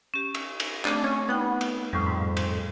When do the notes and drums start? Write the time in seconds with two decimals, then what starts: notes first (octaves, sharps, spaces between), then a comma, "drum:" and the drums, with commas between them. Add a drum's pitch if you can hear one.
0.14 C#4 G4
0.34 drum: cymbal
0.60 drum: cymbal
0.85 A3 C4 D4 G4, drum: clap
1.04 C#4 C#5
1.29 B3 D#4 G5
1.61 drum: cymbal
1.93 F2 A2 G3
2.07 G#2
2.37 drum: cymbal